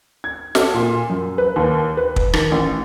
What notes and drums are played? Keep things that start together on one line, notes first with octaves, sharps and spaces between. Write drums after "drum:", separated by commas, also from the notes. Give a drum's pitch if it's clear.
G#6
A4, drum: snare
A#2
F#2
B4
D#2
B4
drum: kick
D#3, drum: rim click
A1